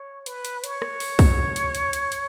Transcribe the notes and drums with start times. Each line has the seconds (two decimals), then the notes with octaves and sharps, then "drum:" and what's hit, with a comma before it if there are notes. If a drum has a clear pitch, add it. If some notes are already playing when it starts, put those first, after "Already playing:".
Already playing: C#5
0.26 B4, drum: hi-hat
0.45 drum: hi-hat
0.64 C#5, drum: hi-hat
0.82 drum: rim click
1.00 drum: open hi-hat
1.19 drum: kick, open hi-hat
1.56 drum: hi-hat
1.75 drum: hi-hat
1.93 drum: hi-hat
2.12 drum: hi-hat